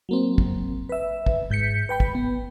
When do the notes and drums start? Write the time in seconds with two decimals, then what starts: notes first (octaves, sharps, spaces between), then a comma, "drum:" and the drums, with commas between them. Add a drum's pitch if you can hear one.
0.09 F#3 A#3 C4
0.38 drum: kick
0.89 B4 E5
1.26 drum: kick
1.50 G#2 G6 B6 C#7
1.89 B4 G5 B5
2.00 drum: kick
2.15 B3